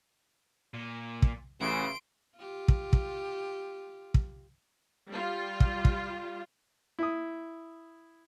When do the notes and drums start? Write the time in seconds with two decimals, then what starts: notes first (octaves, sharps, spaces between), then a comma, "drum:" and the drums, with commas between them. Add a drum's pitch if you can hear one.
0.74 A#2
1.22 drum: kick
1.61 A1 C#3 E3 F#4 C6 D7
2.37 F4 G4
2.68 drum: kick
2.93 drum: kick
4.14 drum: kick
5.09 G3 F4
5.60 drum: kick
5.85 drum: kick
6.99 E4 D#6